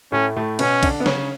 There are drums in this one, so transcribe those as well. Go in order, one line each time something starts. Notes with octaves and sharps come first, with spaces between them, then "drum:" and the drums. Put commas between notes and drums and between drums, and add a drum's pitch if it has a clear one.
A2 A3 C#4
A2 A3
B2 B3 C#4, drum: cymbal
D3 D4, drum: kick B1, cymbal
B3
C#3 C#4, drum: snare